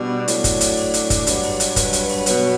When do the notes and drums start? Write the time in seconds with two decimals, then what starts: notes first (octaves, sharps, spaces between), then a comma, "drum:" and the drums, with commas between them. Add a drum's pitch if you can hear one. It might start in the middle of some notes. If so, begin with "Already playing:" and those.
Already playing: B2 G3 D4
0.28 A2 F#3, drum: hi-hat
0.44 drum: kick, hi-hat
0.61 drum: hi-hat
0.77 drum: open hi-hat
0.94 drum: hi-hat
1.10 drum: kick, hi-hat
1.27 G2 F#3, drum: hi-hat
1.43 drum: open hi-hat
1.60 drum: hi-hat
1.76 B4, drum: kick, hi-hat
1.93 drum: hi-hat
2.09 drum: open hi-hat
2.26 B2 F#3, drum: hi-hat